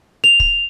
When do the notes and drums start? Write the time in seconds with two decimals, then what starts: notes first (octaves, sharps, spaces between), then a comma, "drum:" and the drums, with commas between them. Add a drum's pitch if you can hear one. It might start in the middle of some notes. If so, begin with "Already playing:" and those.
0.24 F7
0.40 drum: kick